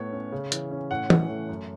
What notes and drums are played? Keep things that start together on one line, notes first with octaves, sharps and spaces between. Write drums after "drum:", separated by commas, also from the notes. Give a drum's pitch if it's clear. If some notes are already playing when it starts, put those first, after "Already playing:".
Already playing: A2 A3 B3 C#5
C#4
C#3
E3, drum: hi-hat
C#4
A2 F#5
E3, drum: tom
A3
F#2